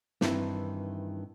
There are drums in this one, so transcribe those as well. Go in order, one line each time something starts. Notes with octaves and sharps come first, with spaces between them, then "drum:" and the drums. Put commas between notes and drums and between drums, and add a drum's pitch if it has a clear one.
G2 D#3 E3 C4 E4, drum: snare